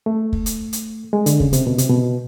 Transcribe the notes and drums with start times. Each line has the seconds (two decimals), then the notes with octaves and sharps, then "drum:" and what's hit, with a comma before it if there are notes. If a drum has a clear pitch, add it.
0.06 A3
0.33 drum: kick
0.46 drum: hi-hat
0.73 drum: hi-hat
1.13 G#3
1.26 D3, drum: hi-hat
1.40 C#3, drum: kick
1.53 C3, drum: hi-hat
1.67 B2
1.78 C3, drum: hi-hat
1.89 B2